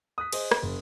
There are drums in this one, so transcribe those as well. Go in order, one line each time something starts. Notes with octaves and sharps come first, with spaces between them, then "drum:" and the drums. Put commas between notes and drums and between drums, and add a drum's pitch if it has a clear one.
D#6 F#6 B6
G#4 C5 D#5, drum: cymbal
drum: rim click
F#1